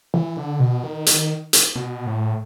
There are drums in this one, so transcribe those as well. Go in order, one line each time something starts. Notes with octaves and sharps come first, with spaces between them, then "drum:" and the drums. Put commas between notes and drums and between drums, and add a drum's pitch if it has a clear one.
E3
D3
B2
D#3
drum: hi-hat
drum: hi-hat
B2
A2